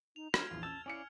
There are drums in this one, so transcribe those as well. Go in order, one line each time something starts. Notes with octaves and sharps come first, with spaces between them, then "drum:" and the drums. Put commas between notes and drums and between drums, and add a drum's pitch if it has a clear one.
D#4 F7
D4 C5 F6 G#6, drum: rim click
A#1 E2 E4 F4
C#4 A5 E6
C#4 E4 D5 F5 G#5 C#7